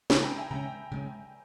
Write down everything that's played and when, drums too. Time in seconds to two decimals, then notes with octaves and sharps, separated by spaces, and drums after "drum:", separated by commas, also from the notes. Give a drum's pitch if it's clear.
0.10 C#3 G#3 C#4 G#5 B5, drum: snare
0.23 G5 A#5
0.37 E5 G#5
0.51 C#3 G#3 C#4 G5 A#5
0.92 C#3 G#3 C#4